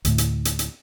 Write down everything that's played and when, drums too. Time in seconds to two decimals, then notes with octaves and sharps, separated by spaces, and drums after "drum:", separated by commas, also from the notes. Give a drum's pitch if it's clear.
0.05 D2 A2, drum: hi-hat
0.18 drum: hi-hat
0.45 drum: hi-hat
0.59 drum: hi-hat